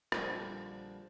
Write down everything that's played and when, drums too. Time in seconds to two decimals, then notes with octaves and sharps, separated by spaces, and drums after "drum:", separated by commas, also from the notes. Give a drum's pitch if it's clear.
0.12 A#1 D3 F3 G3 C5, drum: rim click